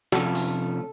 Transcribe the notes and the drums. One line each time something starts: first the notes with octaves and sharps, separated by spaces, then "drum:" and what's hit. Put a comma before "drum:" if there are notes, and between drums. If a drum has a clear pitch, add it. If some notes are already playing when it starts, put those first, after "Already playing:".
C3 F3 A3 C#4 F4 A4, drum: snare
drum: open hi-hat